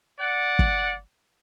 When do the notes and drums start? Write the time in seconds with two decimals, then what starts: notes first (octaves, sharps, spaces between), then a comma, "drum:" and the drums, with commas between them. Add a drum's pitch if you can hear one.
0.19 D5 F#5
0.59 drum: kick